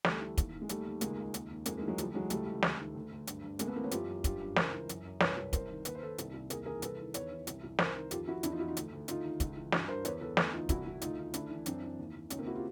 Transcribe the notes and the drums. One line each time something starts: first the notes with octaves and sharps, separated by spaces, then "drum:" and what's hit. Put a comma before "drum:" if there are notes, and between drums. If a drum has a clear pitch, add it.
D2 G3 A3, drum: snare
E3
D#2, drum: kick, hi-hat
D#2
G#3
D#2 G3 A3, drum: hi-hat
D#2
C#2 G#3 A#3, drum: hi-hat
C#2
D#2, drum: hi-hat
D#2
F2 G#3 A#3, drum: hi-hat
G#3 A#3
E3
F#3 G#3
D2 F3 G3, drum: hi-hat
E3 F#3 G#3
C#2 G3 A3, drum: hi-hat
C#2
D2, drum: snare
D#3
D2
D2
G2, drum: hi-hat
G2
D2 G#3 A#3, drum: hi-hat
A3 B3
E3 A#3 C4
B3 C#4
F#2 F4 G4, drum: hi-hat
F#2
G2 F4 G4, drum: kick, hi-hat
G2
C#2 A#4 C5, drum: snare
E3
F#2, drum: hi-hat
F#2
C2 B4 C#5, drum: snare
C2
C2 A#4 C5, drum: kick, hi-hat
D#3
D#2 B4, drum: hi-hat
C5
D#2 A4 B4
C2, drum: hi-hat
C2
D#2 G#4 A#4, drum: hi-hat
E3 G#4 A#4
C2 A4 B4, drum: hi-hat
D#3
E2 B4 C#5, drum: hi-hat
E3
C2, drum: hi-hat
C2
C2 A#4 C5, drum: snare
D#3
F2 F4 G4, drum: hi-hat
F2 E4 F#4
E2 D4 E4, drum: hi-hat
D#4 F4
E3 E4 F#4
D#4 F4
D2, drum: hi-hat
D2
D2 D#4 F4, drum: hi-hat
D#3
C#2, drum: kick, hi-hat
E3
G2 E4 F#4, drum: snare
G2 A#4 C5
E2 B4 C#5, drum: hi-hat
E2 A4 B4
D2 A4 B4, drum: snare
E3 D#4 F4
C2 E4 F#4, drum: kick, hi-hat
C2
D2 D#4 F4, drum: hi-hat
D#3
D2 D4 E4, drum: hi-hat
E3
F#2 C4 D4, drum: hi-hat
E3
D#2
D#2
C#2 C#4 D#4, drum: hi-hat
A#3 C4
E4 F#4
F4 G4